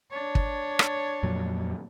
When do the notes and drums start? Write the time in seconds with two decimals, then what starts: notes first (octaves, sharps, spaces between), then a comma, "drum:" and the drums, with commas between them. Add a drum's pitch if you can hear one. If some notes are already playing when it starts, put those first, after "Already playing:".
0.11 D4 C#5
0.35 drum: kick
0.79 drum: rim click
1.23 F2 A#2 F#3